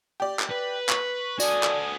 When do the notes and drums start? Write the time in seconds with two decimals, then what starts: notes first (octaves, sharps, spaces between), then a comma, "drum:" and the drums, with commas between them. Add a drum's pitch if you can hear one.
0.20 G4 D5
0.39 drum: clap
0.50 B4
0.89 C#6, drum: clap
1.40 F#4 A4 D5 G#5 D#6, drum: tambourine
1.63 drum: clap